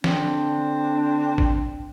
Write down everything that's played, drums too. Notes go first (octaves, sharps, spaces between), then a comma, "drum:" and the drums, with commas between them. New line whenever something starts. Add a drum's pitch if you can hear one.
D3 C4 D4, drum: snare
drum: kick A1